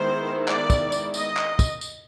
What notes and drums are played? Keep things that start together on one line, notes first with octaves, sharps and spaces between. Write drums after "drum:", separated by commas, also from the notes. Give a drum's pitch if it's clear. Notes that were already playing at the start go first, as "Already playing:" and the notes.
Already playing: D#3 G#3 B3 E4 C5
D5, drum: clap
drum: kick, tambourine
drum: tambourine
D#5, drum: tambourine
drum: clap
drum: kick, tambourine
drum: tambourine